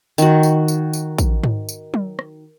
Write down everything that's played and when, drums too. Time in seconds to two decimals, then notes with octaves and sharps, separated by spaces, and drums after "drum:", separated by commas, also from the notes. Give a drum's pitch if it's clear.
0.18 D#3 F#4, drum: tambourine
0.43 drum: tambourine
0.68 drum: tambourine
0.93 drum: tambourine
1.18 drum: kick, tambourine
1.44 drum: tom G#2
1.69 drum: tambourine
1.94 drum: tom F#3
2.19 drum: rim click